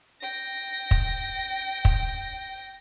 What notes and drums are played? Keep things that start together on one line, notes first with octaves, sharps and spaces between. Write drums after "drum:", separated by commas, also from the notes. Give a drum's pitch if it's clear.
G5 A#6
drum: kick
drum: kick